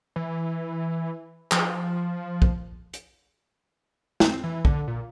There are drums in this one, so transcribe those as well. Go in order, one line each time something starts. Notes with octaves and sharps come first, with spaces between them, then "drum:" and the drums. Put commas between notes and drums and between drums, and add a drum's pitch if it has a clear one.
E3
F3, drum: clap
drum: kick
drum: hi-hat
C4, drum: snare
E3
D3, drum: kick
A#2